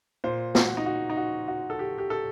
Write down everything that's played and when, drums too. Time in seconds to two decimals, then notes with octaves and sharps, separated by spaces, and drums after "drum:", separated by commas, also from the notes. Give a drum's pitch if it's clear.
0.24 A#2 C5
0.55 F#4, drum: snare
0.77 D#4
0.86 F#4
1.10 D#4
1.17 F#4
1.48 F#4
1.70 A4
1.79 G4
1.98 G4
2.10 A4